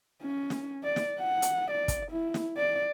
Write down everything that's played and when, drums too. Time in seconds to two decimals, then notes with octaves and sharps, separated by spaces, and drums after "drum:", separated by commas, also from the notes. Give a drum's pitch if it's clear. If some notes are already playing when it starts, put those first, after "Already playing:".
0.23 C#4
0.50 drum: snare
0.83 D5
0.96 drum: snare
1.19 F#5
1.42 drum: hi-hat
1.71 D5
1.88 drum: kick, hi-hat
2.12 E4
2.34 drum: snare
2.57 D5